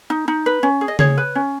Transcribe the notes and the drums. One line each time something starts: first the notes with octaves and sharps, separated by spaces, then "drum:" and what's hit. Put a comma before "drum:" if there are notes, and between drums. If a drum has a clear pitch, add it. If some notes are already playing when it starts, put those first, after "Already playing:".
D#4
D#4
B4
C#4
G#4
D#5
G#4 C#5, drum: tom C#3
B4
C#4